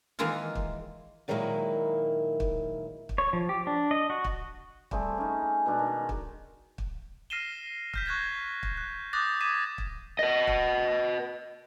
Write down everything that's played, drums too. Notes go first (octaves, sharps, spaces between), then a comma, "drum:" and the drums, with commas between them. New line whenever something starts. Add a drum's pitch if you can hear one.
D#3 E3 G#3 A#3 E4 F4
drum: kick
A#2 D#3 F#3 G#3 A#3 E4
drum: kick
drum: kick
C#5
F3
G4
D4
D#5
F#4
drum: kick
G3 A3 C4 G#4, drum: kick
C#4 D#4
B2 G#3 D4 A#5
D#3
drum: kick
drum: kick
F6 A#6 C7 D#7 E7 G7
F6 G6 B6, drum: kick
C#6 F#6 G#6 A#6
drum: kick
F#6
D6 D#6 F#6 G6 A6 A#6
D6 D#6 G#6 B6 D#7 E7
drum: kick
B4 D#5
drum: kick